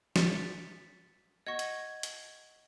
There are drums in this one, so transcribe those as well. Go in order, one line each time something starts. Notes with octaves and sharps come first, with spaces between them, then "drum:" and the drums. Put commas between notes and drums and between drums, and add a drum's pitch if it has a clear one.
A6 B6 C#7, drum: snare
D#5 F#5 C#6 G#6 A#6
drum: hi-hat
drum: hi-hat